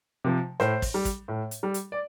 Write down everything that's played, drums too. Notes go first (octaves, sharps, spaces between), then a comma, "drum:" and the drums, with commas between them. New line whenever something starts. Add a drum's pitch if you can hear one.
C3 F3
A2 C5, drum: snare
drum: kick, open hi-hat
G3
drum: kick, hi-hat
A2
drum: hi-hat
G3
drum: hi-hat
D5